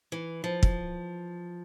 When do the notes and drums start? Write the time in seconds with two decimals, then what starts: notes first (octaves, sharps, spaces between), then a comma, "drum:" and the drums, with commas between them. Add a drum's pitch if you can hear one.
0.12 E3
0.44 F3
0.63 drum: kick